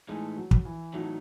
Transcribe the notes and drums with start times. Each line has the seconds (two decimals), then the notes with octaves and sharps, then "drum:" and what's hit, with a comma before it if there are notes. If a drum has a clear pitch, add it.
0.08 A2 E3 G#3 A3 D#4
0.37 F#3
0.51 drum: kick
0.65 E3
0.93 A2 E3 F#3 A3 D#4